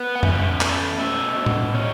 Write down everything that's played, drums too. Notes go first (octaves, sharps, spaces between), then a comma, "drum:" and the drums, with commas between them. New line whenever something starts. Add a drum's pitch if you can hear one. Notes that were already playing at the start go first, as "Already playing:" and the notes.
Already playing: B3
F#5
C#4 E5, drum: tom F2
A3, drum: clap
B2 E5
B2
drum: tom A2
C#4